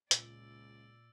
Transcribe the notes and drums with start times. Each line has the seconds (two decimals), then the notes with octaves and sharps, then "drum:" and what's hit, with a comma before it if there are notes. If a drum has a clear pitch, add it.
0.11 C#2 A#2 D5 E6, drum: hi-hat